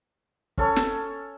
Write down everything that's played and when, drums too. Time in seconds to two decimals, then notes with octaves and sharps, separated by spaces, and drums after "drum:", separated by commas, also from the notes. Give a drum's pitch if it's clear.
0.58 C#4 A4 C#5, drum: kick
0.76 drum: snare